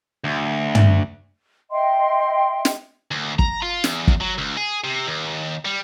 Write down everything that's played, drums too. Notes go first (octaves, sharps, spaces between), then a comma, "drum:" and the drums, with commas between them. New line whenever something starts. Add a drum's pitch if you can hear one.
D2
drum: tom
D#5 E5 G5 C6
drum: snare
D2
A#5, drum: kick
F4
E2, drum: snare
drum: kick
F#3
C#2
G#4
C3
D#2
G3